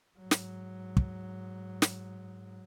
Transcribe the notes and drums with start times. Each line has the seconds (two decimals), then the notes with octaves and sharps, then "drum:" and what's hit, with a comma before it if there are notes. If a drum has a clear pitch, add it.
0.18 G#2 F#3
0.31 drum: snare
0.97 drum: kick
1.82 drum: snare